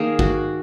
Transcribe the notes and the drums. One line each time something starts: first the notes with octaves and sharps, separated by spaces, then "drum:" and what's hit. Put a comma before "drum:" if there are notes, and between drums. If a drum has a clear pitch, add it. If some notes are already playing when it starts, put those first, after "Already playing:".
Already playing: D#3 A#3 G#4
F#4, drum: kick G#1